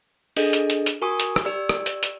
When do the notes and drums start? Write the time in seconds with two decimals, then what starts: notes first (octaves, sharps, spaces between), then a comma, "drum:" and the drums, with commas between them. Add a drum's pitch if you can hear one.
0.36 D4 G#4 A4 D#5, drum: open hi-hat
0.53 drum: hi-hat
0.70 drum: hi-hat
0.86 drum: hi-hat
1.02 F#4 A#4 G#5 C#6 D#6
1.20 drum: hi-hat
1.36 drum: rim click
1.45 G4 D5 E6
1.69 drum: rim click
1.86 drum: hi-hat
2.03 drum: hi-hat